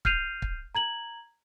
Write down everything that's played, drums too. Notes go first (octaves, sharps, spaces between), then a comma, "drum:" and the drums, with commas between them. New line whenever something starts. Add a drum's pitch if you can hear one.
F6 G6 C7 D#7 F7, drum: kick
drum: kick
A#5 G#6 F#7